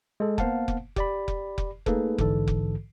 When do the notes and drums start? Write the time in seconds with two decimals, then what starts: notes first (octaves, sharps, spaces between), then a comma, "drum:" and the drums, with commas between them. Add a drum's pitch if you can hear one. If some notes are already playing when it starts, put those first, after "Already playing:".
0.20 G#3 A4
0.38 A#3 B3 C5 F5 F#5 A5, drum: kick F1
0.68 drum: kick F1
0.96 G4 D5 B5, drum: kick F1
1.28 drum: kick F1
1.58 drum: kick F1
1.86 A3 A#3 D#4 G#4 A4 B4, drum: kick F1
2.18 A#1 G#2 D3 E3 A4, drum: kick F1
2.48 drum: kick F1